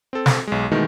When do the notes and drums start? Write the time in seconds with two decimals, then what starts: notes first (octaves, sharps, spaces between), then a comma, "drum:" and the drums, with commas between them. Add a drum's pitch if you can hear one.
0.13 C4 A4
0.26 drum: snare
0.47 B1 G#3
0.71 B2 D#3 E3 G#3 A3 D#4